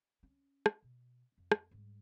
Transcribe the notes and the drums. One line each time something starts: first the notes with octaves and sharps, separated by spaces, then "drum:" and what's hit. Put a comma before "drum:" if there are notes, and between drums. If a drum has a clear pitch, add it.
C#4
drum: rim click
B2
F2
drum: rim click
G#2 G3